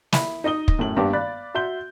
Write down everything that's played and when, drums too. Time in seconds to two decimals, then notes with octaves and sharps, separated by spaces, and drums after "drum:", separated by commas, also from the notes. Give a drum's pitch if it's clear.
0.13 E4 B5, drum: snare
0.44 D#4 D#5 D#6 G7
0.68 drum: kick
0.79 F#2 A2 F#7
0.96 F#1 G2 B3 D4 G4 D6
1.13 D5 F5 B5 F#6 A6
1.54 F#4 E5 C6 G6 G7